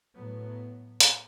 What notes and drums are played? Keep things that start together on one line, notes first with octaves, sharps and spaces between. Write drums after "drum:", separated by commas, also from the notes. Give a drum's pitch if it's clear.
A2 F#3 B3
drum: hi-hat